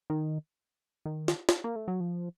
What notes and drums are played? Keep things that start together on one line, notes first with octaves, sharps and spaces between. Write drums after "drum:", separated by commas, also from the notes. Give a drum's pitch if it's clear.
D#3
D#3
drum: snare
drum: snare
A#3
A3
F#3
F3